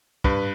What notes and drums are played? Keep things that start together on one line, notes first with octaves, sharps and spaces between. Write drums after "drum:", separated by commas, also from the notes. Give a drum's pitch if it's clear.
G2 B4, drum: kick